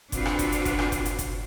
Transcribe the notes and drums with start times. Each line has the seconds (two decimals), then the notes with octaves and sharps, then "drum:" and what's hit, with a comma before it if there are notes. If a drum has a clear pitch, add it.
0.12 C4 D4 F4 F#4 B4, drum: kick F#1, hi-hat
0.26 drum: rim click
0.39 drum: kick F#1, hi-hat
0.52 drum: hi-hat
0.65 drum: kick F#1, hi-hat
0.79 drum: rim click
0.92 drum: kick F#1, hi-hat
1.05 drum: hi-hat
1.19 drum: kick F#1, hi-hat